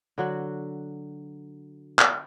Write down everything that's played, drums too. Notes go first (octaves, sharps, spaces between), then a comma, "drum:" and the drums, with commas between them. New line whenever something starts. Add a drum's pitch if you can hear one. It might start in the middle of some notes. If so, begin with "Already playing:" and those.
D3 F#3 F#4
drum: clap